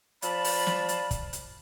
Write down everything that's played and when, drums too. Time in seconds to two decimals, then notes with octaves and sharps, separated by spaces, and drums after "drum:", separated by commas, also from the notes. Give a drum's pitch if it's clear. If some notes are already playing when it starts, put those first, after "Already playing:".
0.22 F3 D5 F5 A5 B5, drum: hi-hat
0.44 drum: open hi-hat
0.66 drum: snare
0.89 drum: hi-hat
1.11 drum: kick, hi-hat
1.33 drum: hi-hat